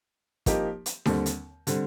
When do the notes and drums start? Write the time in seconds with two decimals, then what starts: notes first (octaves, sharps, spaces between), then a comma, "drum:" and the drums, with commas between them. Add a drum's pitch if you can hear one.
0.46 F3 A#3 D#4 G4, drum: kick, hi-hat
0.86 drum: hi-hat
1.05 D#2 D3 G3 C4, drum: snare D4
1.26 drum: hi-hat
1.67 D3 G3 C4, drum: hi-hat